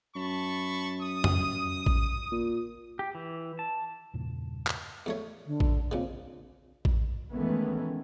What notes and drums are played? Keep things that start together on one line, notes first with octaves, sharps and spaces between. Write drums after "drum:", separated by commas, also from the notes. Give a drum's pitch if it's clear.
F#2 A5 B5 C#6
D#6
drum: tom F2
drum: kick A1
A#2
G4
E3
A5
E2 G2 A#2 C#3
drum: clap
E2 A3 C#5
D3
drum: kick A1
A#2 C#3 C4
drum: kick A1
D#3 E3 G#3 A3 B3 C#4